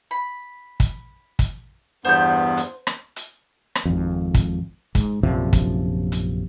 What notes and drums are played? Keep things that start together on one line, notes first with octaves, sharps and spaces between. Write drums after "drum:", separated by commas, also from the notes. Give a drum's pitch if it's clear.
B5
drum: kick, hi-hat
drum: kick, hi-hat
E2 G2 B3 C5 G6
drum: hi-hat
drum: rim click
drum: hi-hat
drum: rim click
G#1 F2
drum: kick, hi-hat
G#2, drum: kick, hi-hat
A#1 F#2 C3 F3
drum: kick, hi-hat
drum: hi-hat